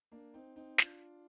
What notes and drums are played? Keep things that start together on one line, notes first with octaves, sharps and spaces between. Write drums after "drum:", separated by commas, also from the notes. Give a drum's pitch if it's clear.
A#3 D4
C4 D#4
C4 D#4
D4 F4, drum: snare